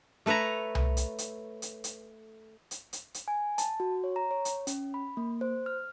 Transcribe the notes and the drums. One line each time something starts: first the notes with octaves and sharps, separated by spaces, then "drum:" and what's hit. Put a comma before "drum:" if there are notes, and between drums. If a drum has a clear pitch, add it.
A3 A4 B4 C#5 A#5
drum: tom C2
drum: hi-hat
drum: hi-hat
drum: hi-hat
drum: hi-hat
drum: hi-hat
drum: hi-hat
drum: hi-hat
G#5
A5, drum: hi-hat
F#4
C#5
A#5
C#5
drum: hi-hat
C#4, drum: hi-hat
B5
A#3
C5
F6